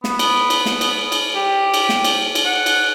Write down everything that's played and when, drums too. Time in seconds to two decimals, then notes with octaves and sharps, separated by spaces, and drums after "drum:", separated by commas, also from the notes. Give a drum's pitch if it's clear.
0.04 B3, drum: snare
0.19 drum: cymbal
0.50 drum: cymbal
0.66 drum: snare
0.81 drum: cymbal
1.12 drum: cymbal
1.35 G4
1.74 drum: cymbal
1.89 drum: snare
2.04 drum: cymbal
2.35 drum: cymbal
2.45 F#5
2.66 drum: cymbal